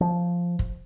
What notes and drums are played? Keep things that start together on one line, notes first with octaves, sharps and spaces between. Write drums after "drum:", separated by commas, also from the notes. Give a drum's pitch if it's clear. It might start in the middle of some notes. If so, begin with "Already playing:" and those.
F3
drum: kick